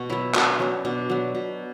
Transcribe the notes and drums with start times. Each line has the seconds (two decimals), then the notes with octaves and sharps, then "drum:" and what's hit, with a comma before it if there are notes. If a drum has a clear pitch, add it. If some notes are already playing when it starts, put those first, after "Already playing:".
Already playing: B2 F#4
0.10 F#3 B3 E4
0.34 B2 D4, drum: clap
0.59 F#3 B3 C#4
0.85 B2 D4
1.10 F#3 B3
1.35 B2